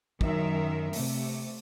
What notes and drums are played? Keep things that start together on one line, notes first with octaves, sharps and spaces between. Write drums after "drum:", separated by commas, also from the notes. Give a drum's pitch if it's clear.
F#2 D#3 A#4 E5, drum: kick
C3 A3, drum: open hi-hat